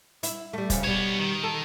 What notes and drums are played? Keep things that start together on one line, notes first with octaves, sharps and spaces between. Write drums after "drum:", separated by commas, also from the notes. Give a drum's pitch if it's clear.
E4, drum: hi-hat
G3 A3
F2 C#3, drum: kick, hi-hat
B2 G3 B3 C#5
D#3
A4